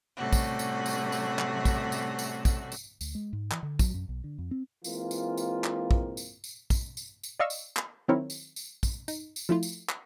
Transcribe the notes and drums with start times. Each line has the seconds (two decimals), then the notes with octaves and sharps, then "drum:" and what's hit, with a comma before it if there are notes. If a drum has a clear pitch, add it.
0.17 A2 C3 G3 A3 C#4 F#4
0.33 drum: kick, tambourine
0.59 drum: tambourine
0.86 drum: tambourine
1.12 drum: tambourine
1.39 drum: clap
1.65 drum: kick, tambourine
1.92 drum: tambourine
2.19 drum: tambourine
2.45 drum: kick, tambourine
2.72 drum: tambourine
3.01 D2, drum: tambourine
3.15 G#3
3.33 G#2
3.51 E3, drum: clap
3.63 D3
3.79 F#3, drum: kick, tambourine
3.94 F#2
4.09 B1
4.24 D3
4.38 F2
4.51 C4
4.84 E3 G#3 A#3 C4 F4, drum: tambourine
5.11 drum: tambourine
5.37 drum: tambourine
5.64 drum: clap
5.91 drum: kick
6.17 drum: tambourine
6.44 drum: tambourine
6.70 drum: kick, tambourine
6.97 drum: tambourine
7.23 drum: tambourine
7.40 D5 D#5 F5 C#6 E6
7.50 drum: tambourine
7.77 drum: clap
8.08 D#3 F#3 C4 E4 A#4 C#5
8.30 drum: tambourine
8.56 drum: tambourine
8.83 drum: kick, tambourine
9.08 D#4, drum: tambourine
9.36 drum: tambourine
9.49 F3 A3 E4 F4
9.63 drum: tambourine
9.89 drum: clap